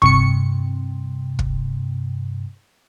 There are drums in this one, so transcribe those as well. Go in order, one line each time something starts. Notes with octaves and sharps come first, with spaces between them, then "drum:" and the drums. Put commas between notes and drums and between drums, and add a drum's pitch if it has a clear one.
G2 C3 C#6 C#7, drum: kick
drum: kick